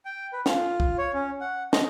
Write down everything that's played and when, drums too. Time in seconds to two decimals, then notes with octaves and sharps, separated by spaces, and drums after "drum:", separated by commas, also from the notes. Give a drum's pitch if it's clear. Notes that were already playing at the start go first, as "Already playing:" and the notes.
0.05 G5
0.33 B4
0.46 F4, drum: snare
0.80 drum: kick C2
0.98 C#5
1.14 C#4
1.41 F#5
1.73 D#5, drum: snare